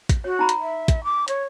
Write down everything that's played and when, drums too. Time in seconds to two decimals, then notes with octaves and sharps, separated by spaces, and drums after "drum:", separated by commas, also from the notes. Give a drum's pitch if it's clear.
0.09 drum: kick, hi-hat
0.24 F#4 C#5
0.39 D#4 A#5 B5
0.49 drum: hi-hat
0.60 E5
0.88 drum: kick, hi-hat
1.04 D6
1.28 C#5, drum: hi-hat